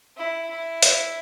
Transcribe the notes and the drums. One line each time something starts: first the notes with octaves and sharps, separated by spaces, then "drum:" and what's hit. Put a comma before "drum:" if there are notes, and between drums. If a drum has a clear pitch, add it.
E4
E4
drum: hi-hat